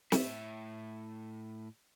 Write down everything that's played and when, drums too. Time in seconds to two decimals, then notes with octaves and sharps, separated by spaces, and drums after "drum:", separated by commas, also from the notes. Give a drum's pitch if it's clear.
0.12 A2 E5, drum: snare